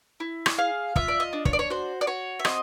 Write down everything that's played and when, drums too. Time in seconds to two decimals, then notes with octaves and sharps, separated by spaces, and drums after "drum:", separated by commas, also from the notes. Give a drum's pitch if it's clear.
0.20 E4
0.46 drum: rim click
0.58 G#4 F5
0.96 F4 E5, drum: kick
1.08 D5
1.20 D#5
1.33 D4
1.45 C#5, drum: kick
1.53 D5
1.59 C#5
1.70 F#4 C5
2.01 D5
2.07 F#4 C#5
2.39 E5
2.45 C4 D#5, drum: rim click